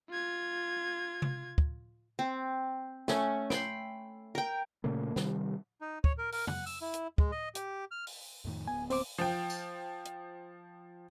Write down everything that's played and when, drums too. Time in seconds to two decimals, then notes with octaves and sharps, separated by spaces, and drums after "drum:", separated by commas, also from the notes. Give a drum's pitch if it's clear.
0.10 F4 G#6
1.22 drum: tom C3
1.58 drum: kick
2.19 C4
3.08 A3 C#4, drum: snare
3.50 G5 B5 C6, drum: snare
4.35 A#4 G5
4.84 A#2 C#3 A3 A#3
5.16 C3 D#3 G3, drum: snare
5.81 D#4
6.04 C#5, drum: kick
6.18 A#4
6.32 A#4, drum: open hi-hat
6.47 F#5, drum: tom
6.66 E6, drum: open hi-hat
6.82 E4
6.94 drum: hi-hat
7.18 G#3, drum: kick
7.32 D#5
7.55 G4, drum: hi-hat
7.91 F6
8.07 drum: open hi-hat
8.45 F2 A2 D#3
8.68 D1 B3 G#5
8.90 C4 C5 D6, drum: open hi-hat
9.18 F3 G5
9.50 drum: tambourine
10.05 drum: hi-hat